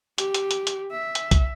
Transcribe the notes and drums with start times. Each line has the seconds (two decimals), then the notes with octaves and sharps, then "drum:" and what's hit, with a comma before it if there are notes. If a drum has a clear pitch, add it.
0.18 G4, drum: hi-hat
0.34 drum: hi-hat
0.51 drum: hi-hat
0.67 drum: hi-hat
0.91 E5
1.15 drum: hi-hat
1.31 drum: kick, hi-hat